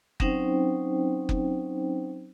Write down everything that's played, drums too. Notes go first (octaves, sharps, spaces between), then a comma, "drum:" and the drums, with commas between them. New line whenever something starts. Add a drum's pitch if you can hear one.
F#3 C4 C#4 D#4 C5 G5, drum: kick F#1
drum: kick F#1